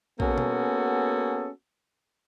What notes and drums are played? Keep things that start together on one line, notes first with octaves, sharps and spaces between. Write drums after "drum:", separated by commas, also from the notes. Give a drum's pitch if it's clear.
A#3 B3 C#4 F#4 G#4 A4, drum: kick
drum: tom B2